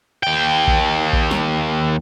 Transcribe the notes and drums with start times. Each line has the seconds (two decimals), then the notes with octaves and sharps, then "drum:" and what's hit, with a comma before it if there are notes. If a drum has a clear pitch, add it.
0.23 D#2 G5
0.67 drum: kick A#1
1.13 drum: kick A#1
1.31 drum: snare